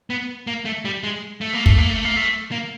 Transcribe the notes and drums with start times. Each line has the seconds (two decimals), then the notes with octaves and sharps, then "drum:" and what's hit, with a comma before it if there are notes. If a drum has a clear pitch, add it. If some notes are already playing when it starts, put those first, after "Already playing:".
0.10 B3
0.47 A#3
0.65 A3
0.85 G3
1.04 G#3
1.41 A3
1.54 A#3
1.66 A3, drum: kick
1.78 A#3
1.91 A3
2.05 A#3
2.16 A3
2.52 A#3